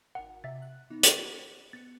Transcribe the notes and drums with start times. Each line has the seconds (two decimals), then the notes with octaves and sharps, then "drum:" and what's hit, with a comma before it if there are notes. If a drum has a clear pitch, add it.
0.15 G#1 A#4 F#5
0.44 C3 E5 A6
0.62 F#6
0.90 E3 B3 D#4
1.03 G4, drum: hi-hat
1.73 B3 A6 C#7